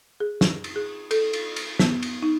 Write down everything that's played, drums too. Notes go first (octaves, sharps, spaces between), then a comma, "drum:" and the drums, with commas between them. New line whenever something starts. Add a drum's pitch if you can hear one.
G#4
drum: snare
drum: cymbal
G#4
A4, drum: cymbal
drum: cymbal
drum: cymbal
B3, drum: snare
drum: cymbal
D#4